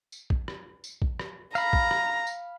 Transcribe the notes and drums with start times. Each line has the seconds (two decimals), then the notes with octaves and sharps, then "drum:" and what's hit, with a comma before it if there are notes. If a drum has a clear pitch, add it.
0.12 drum: tambourine
0.30 drum: kick
0.48 drum: rim click
0.84 drum: tambourine
1.02 drum: kick
1.19 drum: rim click
1.55 F5 A#5 B5, drum: tambourine
1.73 drum: kick
1.91 drum: rim click
2.27 drum: tambourine